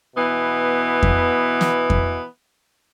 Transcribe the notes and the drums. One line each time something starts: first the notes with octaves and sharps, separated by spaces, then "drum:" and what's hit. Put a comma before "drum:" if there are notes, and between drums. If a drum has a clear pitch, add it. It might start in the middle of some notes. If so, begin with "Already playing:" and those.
B2 E3 B3
drum: kick F2
drum: snare
drum: kick F2